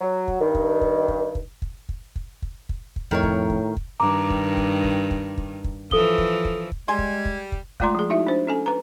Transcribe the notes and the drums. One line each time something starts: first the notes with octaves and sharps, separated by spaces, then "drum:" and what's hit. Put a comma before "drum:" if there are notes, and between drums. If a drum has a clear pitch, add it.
F#3
drum: kick
G2 D#3
drum: kick
drum: kick
drum: kick
drum: kick
drum: kick
drum: kick
drum: kick
drum: kick
drum: kick
drum: kick
F2 A2 D#3 A#4 C#5
drum: kick
drum: kick
drum: kick
G2 D#3 A#5 D6
drum: kick
drum: kick
drum: kick
drum: kick
drum: kick
drum: kick
E3 F3 A4 D#6 G7, drum: kick
drum: kick
drum: kick
drum: kick
G3 G#3 G#4 G#5 C6 G#6
drum: kick
drum: kick
drum: kick
G#3 A3 F4 D5 A#5 C6, drum: kick
F3 G#4
D#4 E4 F#4 E5
D4 C5
C#4 A4 G#5
B4 A#5